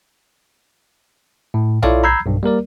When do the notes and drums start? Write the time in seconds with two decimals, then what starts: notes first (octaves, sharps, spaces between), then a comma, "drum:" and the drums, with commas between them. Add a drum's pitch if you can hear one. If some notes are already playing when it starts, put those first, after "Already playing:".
1.54 A2
1.83 E4 F4 A4 C#5 D5 F5, drum: tom B1
2.04 A#5 B5 E6 G6 G#6 C7
2.26 B1 G2
2.43 G3 A#3 A#4 D5